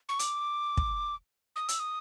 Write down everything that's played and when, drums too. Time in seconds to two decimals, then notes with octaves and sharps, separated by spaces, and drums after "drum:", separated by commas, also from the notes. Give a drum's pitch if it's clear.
0.09 C#6
0.19 D6, drum: hi-hat
0.77 drum: kick
1.56 D#6
1.68 E6, drum: hi-hat
1.80 D#6